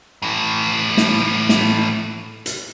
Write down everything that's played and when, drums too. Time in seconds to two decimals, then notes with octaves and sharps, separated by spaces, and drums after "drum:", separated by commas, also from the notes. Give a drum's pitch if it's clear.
0.22 A2 E3
0.97 drum: snare
1.49 drum: snare
2.46 drum: hi-hat